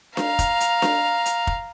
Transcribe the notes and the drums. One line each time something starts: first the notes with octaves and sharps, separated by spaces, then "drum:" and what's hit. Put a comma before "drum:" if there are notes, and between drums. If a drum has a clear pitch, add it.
F5 A#5, drum: snare D4
drum: kick, hi-hat
drum: hi-hat
drum: snare D4
drum: hi-hat
drum: kick